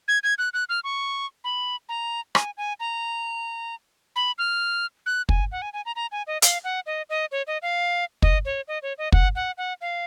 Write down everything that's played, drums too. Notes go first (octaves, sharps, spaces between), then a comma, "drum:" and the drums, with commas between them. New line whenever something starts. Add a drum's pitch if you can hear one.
G#6
G#6
F#6
F#6
F6
C#6
B5
A#5
G#5, drum: rim click
G#5
A#5
B5
F6
F#6
G#5, drum: kick
F#5
G#5
G#5
A#5
A#5
G#5
D#5
F5, drum: hi-hat
F#5
D#5
D#5
C#5
D#5
F5
D#5, drum: kick
C#5
D#5
C#5
D#5
F#5, drum: kick
F#5
F#5
F5